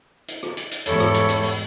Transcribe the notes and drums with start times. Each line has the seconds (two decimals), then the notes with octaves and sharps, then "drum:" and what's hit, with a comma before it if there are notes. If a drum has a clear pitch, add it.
0.28 drum: hi-hat
0.43 drum: rim click
0.57 drum: hi-hat
0.71 drum: hi-hat
0.86 E2 G#2 G3 E4 A4 C#5, drum: hi-hat
1.00 drum: rim click
1.14 drum: hi-hat
1.29 drum: hi-hat
1.43 drum: open hi-hat